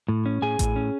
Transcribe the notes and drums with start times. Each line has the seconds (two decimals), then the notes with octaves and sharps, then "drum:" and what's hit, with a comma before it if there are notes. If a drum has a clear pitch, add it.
0.09 A2
0.26 C#4
0.42 A2 G#4 G#5
0.59 A2, drum: kick A1, hi-hat
0.76 C#4